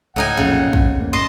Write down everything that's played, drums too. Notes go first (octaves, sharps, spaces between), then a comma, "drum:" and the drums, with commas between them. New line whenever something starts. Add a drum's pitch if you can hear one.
C#2 A2 D#4 F#5 G#5
B1 F2 A#2 C#3
G#2 C#4, drum: kick
F2 A2 A#3
F#2 D#5 A5 C6